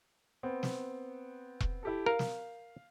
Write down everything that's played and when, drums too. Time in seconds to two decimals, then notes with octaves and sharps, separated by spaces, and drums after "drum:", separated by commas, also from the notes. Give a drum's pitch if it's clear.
0.43 B3 C4
0.63 drum: snare
1.60 drum: kick E1
1.83 E4 G4 A4
2.06 A#4 F5
2.19 drum: snare